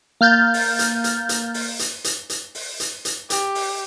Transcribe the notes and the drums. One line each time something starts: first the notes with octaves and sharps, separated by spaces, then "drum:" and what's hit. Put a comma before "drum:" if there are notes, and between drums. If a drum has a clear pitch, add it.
A#3 F6 G6 A6
drum: open hi-hat
drum: hi-hat
drum: hi-hat
drum: hi-hat
drum: open hi-hat
drum: hi-hat
drum: hi-hat
drum: hi-hat
drum: open hi-hat
drum: hi-hat
drum: hi-hat
G4, drum: hi-hat
drum: open hi-hat